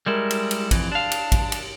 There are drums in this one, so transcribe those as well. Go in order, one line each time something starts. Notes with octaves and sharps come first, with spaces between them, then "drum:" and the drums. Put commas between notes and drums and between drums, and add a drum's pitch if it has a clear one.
G3 G#3 E4 A#4
drum: cymbal
drum: cymbal
F2 E3, drum: kick A1, cymbal
D4 F5 A5
drum: cymbal
drum: kick A1, cymbal
drum: cymbal